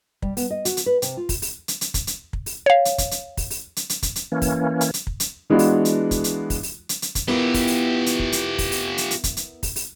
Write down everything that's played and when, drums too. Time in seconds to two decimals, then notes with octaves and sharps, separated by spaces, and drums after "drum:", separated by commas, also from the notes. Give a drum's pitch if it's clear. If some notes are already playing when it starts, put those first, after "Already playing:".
0.22 G3, drum: kick
0.37 B3, drum: open hi-hat
0.50 D#5
0.65 F#4, drum: hi-hat
0.77 drum: hi-hat
0.86 B4
1.02 C3, drum: hi-hat
1.17 F4
1.29 drum: kick, open hi-hat
1.42 drum: open hi-hat
1.68 drum: hi-hat
1.81 drum: hi-hat
1.94 drum: kick, hi-hat
2.07 drum: hi-hat
2.33 drum: kick
2.46 drum: open hi-hat
2.66 C#5 F5
2.85 drum: hi-hat
2.98 drum: kick, hi-hat
3.11 drum: hi-hat
3.37 drum: kick, open hi-hat
3.50 drum: open hi-hat
3.76 drum: hi-hat
3.89 drum: hi-hat
4.03 drum: kick, hi-hat
4.16 drum: hi-hat
4.32 E3 A#3 C#4
4.42 drum: kick, open hi-hat
4.81 drum: hi-hat
4.94 drum: hi-hat
5.07 drum: kick
5.20 drum: hi-hat
5.50 E3 G#3 B3 D4 F4 F#4
5.59 drum: open hi-hat
5.85 drum: hi-hat
6.11 drum: kick, hi-hat
6.24 drum: hi-hat
6.50 drum: kick, open hi-hat
6.63 drum: open hi-hat
6.89 drum: hi-hat
7.02 drum: hi-hat
7.15 drum: kick, hi-hat
7.28 B3 E4 F4 G4 A#4
7.54 drum: kick, open hi-hat
7.67 drum: open hi-hat
8.06 drum: hi-hat
8.19 drum: kick
8.32 drum: hi-hat
8.58 drum: kick, open hi-hat
8.72 drum: open hi-hat
8.98 drum: hi-hat
9.11 drum: hi-hat
9.24 drum: kick, hi-hat
9.37 drum: hi-hat
9.63 drum: kick, open hi-hat
9.76 drum: open hi-hat